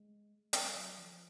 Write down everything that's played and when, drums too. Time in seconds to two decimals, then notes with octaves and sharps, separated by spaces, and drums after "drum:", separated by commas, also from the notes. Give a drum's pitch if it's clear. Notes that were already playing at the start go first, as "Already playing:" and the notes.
Already playing: G#3
0.53 G3, drum: hi-hat
0.75 F#3
0.98 F3